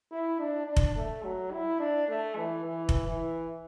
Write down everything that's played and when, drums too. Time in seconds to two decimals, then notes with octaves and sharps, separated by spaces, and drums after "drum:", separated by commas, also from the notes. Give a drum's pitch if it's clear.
0.12 E4
0.40 D4
0.67 D4
0.76 drum: kick F1
0.96 A3
1.24 F#3
1.52 E4
1.80 D4
2.09 A3
2.37 E3
2.65 E3
2.89 drum: kick F1
3.07 E3